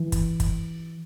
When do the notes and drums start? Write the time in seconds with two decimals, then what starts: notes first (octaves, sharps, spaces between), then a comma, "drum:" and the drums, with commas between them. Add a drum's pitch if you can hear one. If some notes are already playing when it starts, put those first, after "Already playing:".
Already playing: E3
0.12 drum: kick, hi-hat
0.40 drum: kick, hi-hat